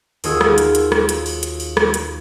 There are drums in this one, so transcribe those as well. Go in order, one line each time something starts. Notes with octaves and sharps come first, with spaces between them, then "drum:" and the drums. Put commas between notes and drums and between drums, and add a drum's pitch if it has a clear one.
D#2 F4 F#4 G#4 D#5 E6, drum: open hi-hat
drum: rim click
drum: hi-hat
drum: hi-hat
drum: rim click
drum: hi-hat
drum: open hi-hat
drum: hi-hat
drum: open hi-hat
drum: rim click
drum: hi-hat